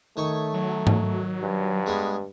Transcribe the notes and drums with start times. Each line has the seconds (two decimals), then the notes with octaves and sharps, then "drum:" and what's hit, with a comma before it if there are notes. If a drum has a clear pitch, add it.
0.17 D#3 A3 C#5 C#6
0.54 F#3
0.87 drum: tom G#2
1.43 G2
1.86 G#3 B3